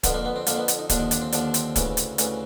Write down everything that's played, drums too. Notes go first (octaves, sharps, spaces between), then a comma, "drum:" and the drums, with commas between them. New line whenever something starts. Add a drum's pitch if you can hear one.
F2 D3 F3 B3, drum: kick, hi-hat
A#3
B3
C4
F2 D3 F3 A#3, drum: hi-hat
B3
drum: hi-hat
D#4
D#2 D3 F3 D4, drum: kick, hi-hat
D#4
D4, drum: hi-hat
C4
D#2 D3 F3 D4, drum: hi-hat
C4, drum: hi-hat
D2 C#3 E3, drum: kick, hi-hat
drum: hi-hat
D2 C#3 E3, drum: hi-hat